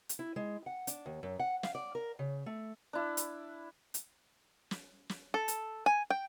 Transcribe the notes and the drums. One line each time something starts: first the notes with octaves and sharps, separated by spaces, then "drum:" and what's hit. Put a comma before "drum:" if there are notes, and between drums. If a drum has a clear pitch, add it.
drum: hi-hat
E4
G#3
F#5
D4, drum: hi-hat
D#2
F#2
F#5
F5, drum: snare
D5
A#4
C#3
A3
D4 E4
drum: hi-hat
drum: hi-hat
drum: snare
drum: snare
A4
drum: hi-hat
G#5
G5